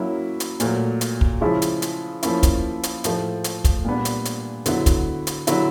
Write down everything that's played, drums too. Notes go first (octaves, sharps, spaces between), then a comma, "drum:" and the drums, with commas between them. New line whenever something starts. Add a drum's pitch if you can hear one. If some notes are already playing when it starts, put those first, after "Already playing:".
Already playing: F#3 A#3 C#4 E4
drum: hi-hat
A#2 F#3 A3, drum: hi-hat
drum: hi-hat
drum: kick
C#3 F3 G#3 C#4 E4
drum: hi-hat
drum: hi-hat
F3 A#3 C#4 E4, drum: hi-hat
drum: kick, hi-hat
drum: hi-hat
A2 F3 A3, drum: hi-hat
drum: hi-hat
drum: kick, hi-hat
A#2 G3 B3 D4
drum: hi-hat
drum: hi-hat
D3 F#3 B3 E4, drum: hi-hat
drum: kick, hi-hat
drum: hi-hat
D3 F#3 B3 E4, drum: hi-hat